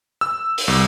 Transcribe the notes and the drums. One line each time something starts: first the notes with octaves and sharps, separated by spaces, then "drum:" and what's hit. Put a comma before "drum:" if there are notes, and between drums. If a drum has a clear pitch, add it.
E6
drum: open hi-hat
C2